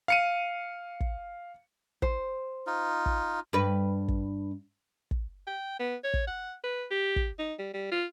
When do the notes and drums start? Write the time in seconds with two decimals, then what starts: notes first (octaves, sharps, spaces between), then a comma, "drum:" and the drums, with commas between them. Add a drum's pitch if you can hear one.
0.08 F5 C#7 D#7
1.00 drum: kick
2.02 C5, drum: kick
2.67 D#4 F4
3.06 drum: kick
3.53 G2 B4
4.08 drum: kick
5.11 drum: kick
5.47 G5
5.79 B3
6.04 C#5
6.14 drum: kick
6.27 F#5
6.64 B4
6.91 G4
7.16 drum: kick
7.38 D#4
7.58 G3
7.74 G3
7.91 F4